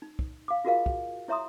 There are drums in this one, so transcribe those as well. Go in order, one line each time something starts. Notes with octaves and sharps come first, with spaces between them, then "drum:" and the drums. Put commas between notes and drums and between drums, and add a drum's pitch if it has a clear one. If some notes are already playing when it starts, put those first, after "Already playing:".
D#4
drum: kick
F5 D6
F4 F#4 G#4 A#4 D#5 F5
drum: kick
E4 C#5 E5 A#5 C6 D#6